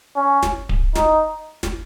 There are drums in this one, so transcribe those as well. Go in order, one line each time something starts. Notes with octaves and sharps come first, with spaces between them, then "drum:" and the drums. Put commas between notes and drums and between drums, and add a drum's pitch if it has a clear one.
C#4
drum: snare
drum: kick D1
D#4, drum: snare
drum: snare